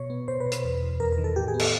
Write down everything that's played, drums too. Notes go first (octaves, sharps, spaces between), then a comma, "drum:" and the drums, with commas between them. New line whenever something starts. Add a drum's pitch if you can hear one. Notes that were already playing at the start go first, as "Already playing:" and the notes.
Already playing: B2 C#5
B3
B2 C5
B4
B2
B4, drum: hi-hat
E2
E2
E2 A#4
A#4
D#3
A4
A2 G4
G#4
B3
A4, drum: cymbal